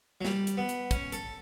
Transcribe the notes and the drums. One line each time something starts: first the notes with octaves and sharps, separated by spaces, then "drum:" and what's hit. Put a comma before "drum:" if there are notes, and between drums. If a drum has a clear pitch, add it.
F#3
G3, drum: snare
drum: hi-hat
B3
drum: hi-hat
C#4, drum: kick, hi-hat
A4, drum: hi-hat